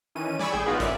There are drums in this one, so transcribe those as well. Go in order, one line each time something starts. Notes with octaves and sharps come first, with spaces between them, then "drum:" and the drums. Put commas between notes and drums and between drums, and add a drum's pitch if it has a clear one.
D#3 E3 C#4 D#7
D5 G#5 B5 C#6 E6, drum: snare
A1 G#4 G5
B3 D#4 F4 F#4 A#4 B4
G1 C#4 A#4 D5 E5, drum: kick, hi-hat